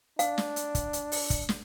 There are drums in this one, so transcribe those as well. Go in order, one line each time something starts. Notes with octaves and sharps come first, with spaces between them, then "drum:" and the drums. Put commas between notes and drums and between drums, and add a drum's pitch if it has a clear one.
D4 F5, drum: hi-hat
drum: snare
drum: hi-hat
drum: kick, hi-hat
drum: hi-hat
drum: open hi-hat
drum: kick, hi-hat
drum: snare